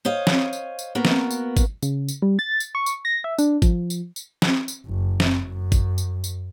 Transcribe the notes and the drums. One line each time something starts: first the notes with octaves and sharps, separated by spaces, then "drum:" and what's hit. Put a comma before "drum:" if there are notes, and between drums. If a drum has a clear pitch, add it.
C5 C#5 D#5 F5
drum: snare C4
drum: tambourine
drum: tambourine
A#3 B3 F#4 A#4
drum: snare C4
drum: tambourine
drum: kick G#1, tambourine
C#3, drum: tambourine
drum: tambourine
G3
A6
drum: tambourine
C#6
drum: tambourine
A#6
E5
D4, drum: tambourine
F3, drum: kick G#1, tambourine
drum: tambourine
drum: tambourine
drum: snare C4
drum: tambourine
F#1
drum: snare C4
F#2
drum: kick G#1, tambourine
drum: tambourine
drum: tambourine